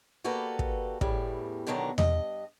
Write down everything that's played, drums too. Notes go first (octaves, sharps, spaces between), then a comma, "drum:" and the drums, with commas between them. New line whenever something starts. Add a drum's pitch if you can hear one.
A#3 F#4 G4 A4 B4 D5
drum: kick
E2 A2 G3, drum: kick
B2 D3 D#3 F#3 G4 A#5
G2 D#5, drum: tom E2